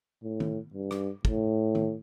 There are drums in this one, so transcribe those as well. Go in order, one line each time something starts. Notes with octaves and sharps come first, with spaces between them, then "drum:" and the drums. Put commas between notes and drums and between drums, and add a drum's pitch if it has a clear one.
A2
drum: tom
G2
drum: rim click
A2, drum: kick
drum: tom